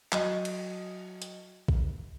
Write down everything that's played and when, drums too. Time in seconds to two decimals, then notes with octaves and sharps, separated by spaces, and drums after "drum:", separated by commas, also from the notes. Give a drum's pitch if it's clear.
0.12 F#3 D#5, drum: clap
0.45 drum: cymbal
1.22 drum: hi-hat
1.68 drum: kick A#1